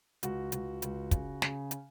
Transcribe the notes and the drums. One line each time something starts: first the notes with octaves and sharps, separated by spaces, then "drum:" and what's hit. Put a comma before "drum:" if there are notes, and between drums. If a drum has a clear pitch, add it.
C#2 F#4, drum: hi-hat
C#2, drum: hi-hat
C#2, drum: hi-hat
C#3, drum: kick, hi-hat
C#3, drum: snare
drum: hi-hat